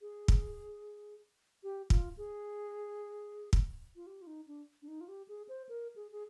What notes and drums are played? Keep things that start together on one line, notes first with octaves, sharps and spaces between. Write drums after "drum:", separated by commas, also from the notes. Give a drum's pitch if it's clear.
G#4
drum: kick
G4
F4, drum: kick
G#4
drum: kick
F4
G4
F4
D#4
D4
D4
D#4
F4
G4
G#4
C5
A#4
G#4
G#4